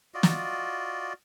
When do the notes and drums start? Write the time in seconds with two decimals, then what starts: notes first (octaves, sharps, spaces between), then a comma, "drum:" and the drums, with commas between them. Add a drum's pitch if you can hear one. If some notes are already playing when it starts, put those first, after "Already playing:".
0.14 F4 F#4 D5 D#5
0.23 drum: snare